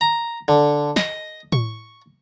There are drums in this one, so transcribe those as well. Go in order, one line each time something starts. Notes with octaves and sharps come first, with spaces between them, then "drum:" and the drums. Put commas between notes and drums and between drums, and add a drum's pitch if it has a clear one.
A#5
D3
D#5, drum: snare
C#6, drum: tom A2